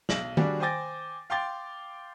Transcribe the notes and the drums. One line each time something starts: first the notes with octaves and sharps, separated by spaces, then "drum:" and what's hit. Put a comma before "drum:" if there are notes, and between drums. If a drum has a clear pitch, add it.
B1 A#6 F#7, drum: snare
G3 D4 F#4 G#4 D5, drum: tom D#3
C5 G5 G#5 D6 A6 A#6
F5 G5 C6 D6 A6